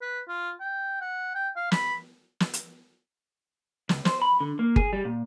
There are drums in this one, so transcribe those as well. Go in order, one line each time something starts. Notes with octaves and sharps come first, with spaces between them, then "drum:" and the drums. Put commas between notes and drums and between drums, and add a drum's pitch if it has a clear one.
B4
F4
G5
F#5
G5
F5
B5, drum: snare
drum: snare
drum: hi-hat
C#2, drum: snare
C5, drum: snare
B5
D3
A#3
G#4, drum: kick G1
G3
A#2